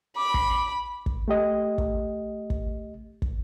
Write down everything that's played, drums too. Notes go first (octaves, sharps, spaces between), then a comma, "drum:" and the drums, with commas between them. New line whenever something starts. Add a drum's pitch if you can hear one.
B5 D6
drum: kick
drum: kick
A3 G4 D#5
drum: kick
drum: kick
drum: kick